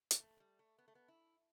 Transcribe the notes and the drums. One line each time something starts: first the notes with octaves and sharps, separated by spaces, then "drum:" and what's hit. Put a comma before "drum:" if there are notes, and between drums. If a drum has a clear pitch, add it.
drum: hi-hat
A3
G3
A3
B3
A3
B3
E4